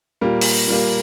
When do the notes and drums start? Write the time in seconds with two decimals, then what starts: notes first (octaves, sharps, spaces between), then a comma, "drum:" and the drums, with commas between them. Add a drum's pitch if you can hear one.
0.21 A#2 G3 A#3
0.41 drum: open hi-hat
0.68 A#2 G3 A#3